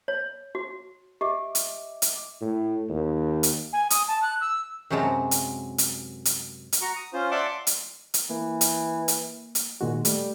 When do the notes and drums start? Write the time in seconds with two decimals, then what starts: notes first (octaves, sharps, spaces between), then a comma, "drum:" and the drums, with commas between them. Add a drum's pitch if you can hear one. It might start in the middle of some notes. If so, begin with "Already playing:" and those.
0.08 C#5
0.55 F#4
1.21 G4 D#5 E5 D6
1.55 drum: hi-hat
2.02 drum: hi-hat
2.41 A2
2.89 D#2
3.43 drum: hi-hat
3.73 G#5
3.90 D#6, drum: hi-hat
4.08 A5
4.22 F#6
4.41 E6
4.90 F#2 C3 F#3 G#3 A5 A#5
5.31 drum: hi-hat
5.78 drum: hi-hat
6.25 drum: hi-hat
6.73 drum: hi-hat
6.82 F#4 A#5 C#6
6.96 D#6
7.13 C#4 F4 C5
7.31 D5 E5 F#5 A5 C6 D6
7.48 C6
7.67 drum: hi-hat
8.14 drum: hi-hat
8.30 E3 A#3
8.61 drum: hi-hat
9.08 drum: hi-hat
9.55 drum: hi-hat
9.81 A#2 D#3 G#3 F#4
10.05 G3 A3, drum: hi-hat